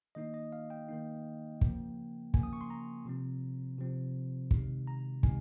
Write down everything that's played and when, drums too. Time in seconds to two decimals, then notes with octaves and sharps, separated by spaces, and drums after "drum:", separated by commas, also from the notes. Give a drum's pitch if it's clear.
0.15 D#3 A#3 D#4 D#5
0.34 D#5
0.53 F5
0.70 G5
0.89 D#3 A#3 D#4
1.61 C#3 F3 A#3, drum: kick
2.34 C#3 F3 A#3 G#5, drum: kick
2.43 D#6
2.53 C#6
2.61 C6
2.70 A#5
3.05 C3 F3 C4
3.78 C3 F3 C4
4.51 C3 D#3 G#3 D#4, drum: kick
4.87 A#5
5.23 C3 D#3 G#3 D#4 G#5, drum: kick